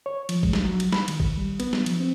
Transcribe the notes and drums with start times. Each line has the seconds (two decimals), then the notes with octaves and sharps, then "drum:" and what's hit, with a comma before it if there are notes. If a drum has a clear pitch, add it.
0.06 C#5
0.29 F3, drum: cymbal
0.43 G#3, drum: kick G#1
0.53 drum: snare
0.65 F#3
0.80 drum: cymbal
0.92 B5, drum: snare
1.08 D#3, drum: cymbal
1.20 drum: kick G#1
1.37 G3
1.60 B3, drum: cymbal
1.73 drum: snare
1.86 F3, drum: cymbal
2.00 C4